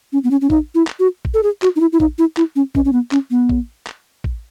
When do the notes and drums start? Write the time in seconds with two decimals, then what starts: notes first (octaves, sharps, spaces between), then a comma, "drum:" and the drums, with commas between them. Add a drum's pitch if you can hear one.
0.13 C#4
0.24 B3
0.31 C#4
0.41 C#4
0.50 D#4, drum: kick
0.75 E4
0.87 drum: clap
1.00 F#4
1.25 drum: kick
1.34 A4
1.43 G#4
1.62 F#4, drum: clap
1.76 D#4
1.80 E4
1.93 E4
2.00 D#4, drum: kick
2.19 E4
2.37 E4, drum: clap
2.56 C#4
2.75 C#4, drum: kick
2.85 C#4
2.93 B3
3.12 C#4, drum: clap
3.31 B3
3.49 drum: kick
3.87 drum: clap
4.24 drum: kick